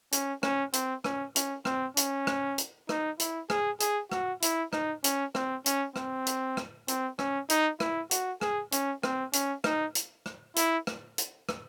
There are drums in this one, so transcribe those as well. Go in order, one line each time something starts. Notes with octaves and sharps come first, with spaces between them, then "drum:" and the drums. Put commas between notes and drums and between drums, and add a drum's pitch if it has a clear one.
C#4, drum: hi-hat
C#4, drum: rim click
C4, drum: hi-hat
C#4, drum: rim click
C#4, drum: hi-hat
C4, drum: rim click
C#4, drum: hi-hat
drum: rim click
drum: hi-hat
D#4, drum: rim click
E4, drum: hi-hat
G#4, drum: rim click
G#4, drum: hi-hat
F#4, drum: rim click
E4, drum: hi-hat
D#4, drum: rim click
C#4, drum: hi-hat
C4, drum: rim click
C#4, drum: hi-hat
C4, drum: rim click
drum: hi-hat
drum: rim click
C4, drum: hi-hat
C#4, drum: rim click
D#4, drum: hi-hat
E4, drum: rim click
F#4, drum: hi-hat
G#4, drum: rim click
C#4, drum: hi-hat
C4, drum: rim click
C#4, drum: hi-hat
D#4, drum: rim click
drum: hi-hat
drum: rim click
E4, drum: hi-hat
drum: rim click
drum: hi-hat
drum: rim click